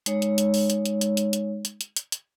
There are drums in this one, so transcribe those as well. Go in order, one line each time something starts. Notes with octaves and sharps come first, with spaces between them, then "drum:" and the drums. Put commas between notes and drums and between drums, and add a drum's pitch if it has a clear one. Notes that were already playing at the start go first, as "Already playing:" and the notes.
G#3 D#4 C#5, drum: hi-hat
drum: hi-hat
drum: hi-hat
drum: open hi-hat
drum: hi-hat
drum: hi-hat
drum: hi-hat
drum: hi-hat
drum: hi-hat
drum: hi-hat
drum: hi-hat
drum: hi-hat
drum: hi-hat